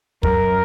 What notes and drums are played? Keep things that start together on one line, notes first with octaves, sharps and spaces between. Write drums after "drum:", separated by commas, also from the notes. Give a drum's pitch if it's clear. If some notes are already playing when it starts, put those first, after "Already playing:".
F#2 A#4, drum: kick